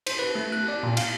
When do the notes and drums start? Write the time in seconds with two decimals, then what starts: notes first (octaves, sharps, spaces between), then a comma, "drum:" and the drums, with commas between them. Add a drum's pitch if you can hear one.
0.07 C5, drum: cymbal
0.19 B4
0.35 A3
0.52 F#6
0.68 D5
0.83 A#2
0.97 F5, drum: cymbal